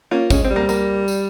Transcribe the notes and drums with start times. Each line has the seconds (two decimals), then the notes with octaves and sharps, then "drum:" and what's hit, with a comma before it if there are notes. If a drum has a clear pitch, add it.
0.11 A#3 C#4 F4
0.30 G#3 C#4, drum: kick, tambourine
0.44 C4
0.50 G3
0.56 A#3
0.69 A#3, drum: tambourine
1.08 drum: tambourine